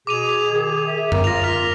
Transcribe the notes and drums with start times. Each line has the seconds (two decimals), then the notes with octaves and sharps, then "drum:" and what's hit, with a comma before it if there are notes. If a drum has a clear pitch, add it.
0.07 B2 G#4 D6 D#7 F7
0.48 D#3
0.86 E5
1.12 A#4, drum: tom F#2
1.24 F4 A#6 F7
1.44 F6 B6 F7